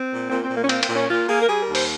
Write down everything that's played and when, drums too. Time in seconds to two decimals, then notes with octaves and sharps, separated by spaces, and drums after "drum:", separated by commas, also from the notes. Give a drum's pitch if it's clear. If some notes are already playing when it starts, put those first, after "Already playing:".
Already playing: C4
0.11 A#2
0.30 A#2 C4
0.43 C4
0.50 A#2
0.56 A#3
0.64 C#4
0.69 A#3 C4, drum: cymbal
0.83 C4, drum: cymbal
0.89 A#2
0.96 C#4
1.09 A#2 F4
1.29 A#3 G#4
1.42 A#4
1.48 G3 G#4
1.61 A#4
1.68 D#2
1.75 C5, drum: open hi-hat